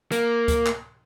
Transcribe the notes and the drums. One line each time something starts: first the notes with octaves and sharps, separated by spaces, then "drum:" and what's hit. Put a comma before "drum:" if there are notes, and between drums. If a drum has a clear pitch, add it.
A#3, drum: hi-hat
drum: kick C#2, hi-hat
drum: clap